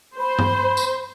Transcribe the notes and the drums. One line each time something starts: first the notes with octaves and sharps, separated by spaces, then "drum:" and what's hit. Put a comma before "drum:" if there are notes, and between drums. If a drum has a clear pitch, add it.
C5 B5
drum: tom G2
drum: tambourine